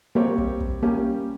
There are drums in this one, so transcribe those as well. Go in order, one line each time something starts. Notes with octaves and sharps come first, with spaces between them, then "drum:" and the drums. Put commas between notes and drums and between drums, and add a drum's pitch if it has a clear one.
G3 A#3 C4 G4 C#5
drum: kick
drum: kick
G3 A#3 C#4 G4